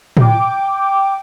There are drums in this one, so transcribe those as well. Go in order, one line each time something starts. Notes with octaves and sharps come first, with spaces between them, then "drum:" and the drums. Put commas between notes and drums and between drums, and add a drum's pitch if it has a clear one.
G5 D6, drum: tom A2